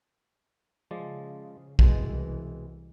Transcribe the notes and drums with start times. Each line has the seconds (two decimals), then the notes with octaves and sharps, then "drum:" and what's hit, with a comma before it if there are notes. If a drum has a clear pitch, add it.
0.91 C#3 F3 G#3 D5
1.79 C2 B2 E3 G#3, drum: kick